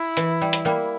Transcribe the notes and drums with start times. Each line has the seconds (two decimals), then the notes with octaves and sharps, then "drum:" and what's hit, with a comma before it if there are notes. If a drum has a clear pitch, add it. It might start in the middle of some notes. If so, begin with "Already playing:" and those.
Already playing: E4
0.17 E3, drum: hi-hat
0.41 G3
0.53 drum: hi-hat
0.65 G3 A#3